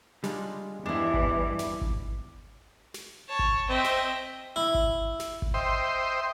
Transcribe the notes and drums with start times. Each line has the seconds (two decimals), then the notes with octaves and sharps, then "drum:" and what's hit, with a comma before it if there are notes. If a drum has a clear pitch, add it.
0.24 G3 G#3 D4 F4, drum: snare
0.86 E2 G2 E3 F3 G#3 D4 E4
1.14 drum: kick G#1
1.59 drum: snare
1.81 drum: kick G#1
2.94 drum: snare
3.28 C#5 A5
3.39 drum: kick G#1
3.69 C4 D#5 E5
3.84 drum: snare
4.56 E4
4.75 drum: kick G#1
5.20 drum: snare
5.42 drum: kick G#1
5.54 C5 D#5 E5 G5 C6